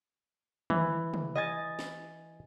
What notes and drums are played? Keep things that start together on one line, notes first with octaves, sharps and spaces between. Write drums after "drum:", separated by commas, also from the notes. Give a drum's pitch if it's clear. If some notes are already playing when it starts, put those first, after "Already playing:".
E3, drum: tom
drum: tom
D#5 G#5 A6
drum: snare